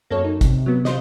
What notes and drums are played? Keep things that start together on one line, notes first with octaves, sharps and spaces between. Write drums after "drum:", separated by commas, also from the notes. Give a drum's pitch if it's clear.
F#2 A#3 A4 C#5
D#4
C3, drum: kick, hi-hat
F#3 B3
F4 C5 D#5, drum: snare